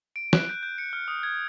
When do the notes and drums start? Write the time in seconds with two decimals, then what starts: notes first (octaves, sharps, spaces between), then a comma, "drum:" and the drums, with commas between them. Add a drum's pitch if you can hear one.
0.16 D7
0.33 F#6, drum: snare
0.49 G6
0.63 G6
0.78 C#7
0.93 F6
1.08 D#6
1.23 G#6